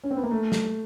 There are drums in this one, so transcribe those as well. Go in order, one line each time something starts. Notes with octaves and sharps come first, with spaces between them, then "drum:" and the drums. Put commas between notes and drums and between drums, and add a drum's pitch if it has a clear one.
C#4
C4
B3
A#3
A3
drum: snare